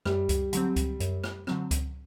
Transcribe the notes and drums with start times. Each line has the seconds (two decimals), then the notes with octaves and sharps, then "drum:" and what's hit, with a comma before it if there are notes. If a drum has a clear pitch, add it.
0.06 F#2 G3, drum: rim click
0.29 drum: kick C#2, hi-hat
0.53 D3 F#3 C4, drum: hi-hat
0.76 drum: kick C#2, hi-hat
1.00 F#2, drum: hi-hat
1.24 drum: rim click
1.47 D3 F#3 C4, drum: rim click
1.71 drum: kick C#2, hi-hat